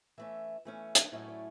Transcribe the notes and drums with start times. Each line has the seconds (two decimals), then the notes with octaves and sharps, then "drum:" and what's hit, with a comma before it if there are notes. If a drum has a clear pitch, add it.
0.18 E3 A3 C#4 E5
0.65 E3 A3 C#4
0.95 drum: hi-hat
1.12 A2 F#3 A3 C#4 E4 D#5
1.28 D5